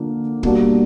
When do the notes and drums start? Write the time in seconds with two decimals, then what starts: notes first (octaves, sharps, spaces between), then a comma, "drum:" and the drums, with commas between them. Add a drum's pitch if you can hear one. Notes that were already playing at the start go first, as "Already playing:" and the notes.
Already playing: D3 F3 A#3 D4
0.43 B2 G3 A#3 D4 F#4, drum: kick